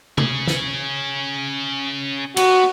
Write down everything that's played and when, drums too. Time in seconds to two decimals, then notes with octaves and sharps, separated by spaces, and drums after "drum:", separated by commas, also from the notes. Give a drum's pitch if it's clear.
0.18 C#4 G#4, drum: tom C3
0.47 drum: snare
2.37 B3 F#4, drum: cymbal